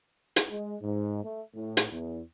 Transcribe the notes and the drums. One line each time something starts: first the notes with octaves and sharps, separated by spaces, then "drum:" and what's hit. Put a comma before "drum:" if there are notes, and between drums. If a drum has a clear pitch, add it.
drum: hi-hat
G#3
G#2
A3
A2
drum: hi-hat
E2